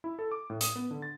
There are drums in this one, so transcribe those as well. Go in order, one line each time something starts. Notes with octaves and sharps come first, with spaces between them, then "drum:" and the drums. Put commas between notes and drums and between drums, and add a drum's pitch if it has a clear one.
E4
A4
D6
A2
D#6, drum: hi-hat
B3
D3
A6